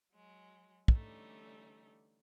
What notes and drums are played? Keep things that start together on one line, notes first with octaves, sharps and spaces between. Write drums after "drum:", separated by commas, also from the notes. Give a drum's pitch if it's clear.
F#3 G#3
D3 E3 G3 A3 C#4 D#4, drum: kick